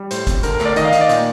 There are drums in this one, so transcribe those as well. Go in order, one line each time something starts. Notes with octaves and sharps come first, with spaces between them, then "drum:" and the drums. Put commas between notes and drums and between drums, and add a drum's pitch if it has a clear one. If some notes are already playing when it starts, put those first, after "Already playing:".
Already playing: G3
A2 C5, drum: hi-hat
C4, drum: kick F#1, hi-hat
D3 A#4, drum: hi-hat
A#4
A3 D5, drum: clap
D#3 D#5, drum: hi-hat
F5
D#3 D#5, drum: hi-hat
D5
A#2, drum: hi-hat